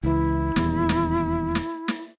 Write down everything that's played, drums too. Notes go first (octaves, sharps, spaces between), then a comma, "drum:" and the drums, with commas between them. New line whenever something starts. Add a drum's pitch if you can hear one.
C#2 E3 E4
D#1 E2, drum: snare
drum: snare
drum: snare
drum: snare